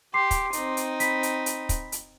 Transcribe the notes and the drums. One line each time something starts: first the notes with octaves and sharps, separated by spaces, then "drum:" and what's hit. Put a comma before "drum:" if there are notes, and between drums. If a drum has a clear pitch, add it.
G4 C6 D6 C7
drum: kick, hi-hat
C4 D#4, drum: hi-hat
drum: hi-hat
B5 B6, drum: hi-hat
drum: hi-hat
drum: hi-hat
drum: kick, hi-hat
drum: hi-hat